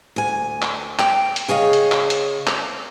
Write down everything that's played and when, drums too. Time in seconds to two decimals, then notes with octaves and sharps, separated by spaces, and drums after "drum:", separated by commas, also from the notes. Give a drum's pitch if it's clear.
0.16 D2 G#5
0.62 drum: clap
0.99 G5, drum: clap
1.36 drum: hi-hat
1.48 C#3 G#4 C#5 D#5 F5
1.73 drum: hi-hat
1.92 drum: clap
2.10 drum: hi-hat
2.47 drum: clap